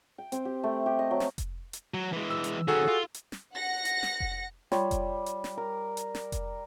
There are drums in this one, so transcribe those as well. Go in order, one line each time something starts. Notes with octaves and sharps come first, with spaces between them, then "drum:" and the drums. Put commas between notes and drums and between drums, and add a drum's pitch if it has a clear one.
G5
C4, drum: hi-hat
G4
A3
G4
D#5
F#3
drum: snare
drum: kick F1, hi-hat
drum: hi-hat
F#3
E3 G#3
E6
drum: hi-hat
D#3 C#4 F#4 G#4 A4
F4
drum: hi-hat
drum: snare
F#5 A#6 C#7
drum: hi-hat
drum: snare
drum: kick F1
G3 F4 C#5 G5, drum: snare
drum: kick F1, hi-hat
drum: hi-hat
drum: snare
A#4
drum: hi-hat
drum: snare
drum: kick F1, hi-hat